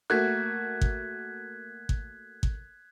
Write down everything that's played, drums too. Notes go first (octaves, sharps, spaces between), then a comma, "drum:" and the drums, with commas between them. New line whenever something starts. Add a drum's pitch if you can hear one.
A3 A#3 F#4 F#6 G#6 B6
drum: kick G#1
drum: kick G#1
drum: kick G#1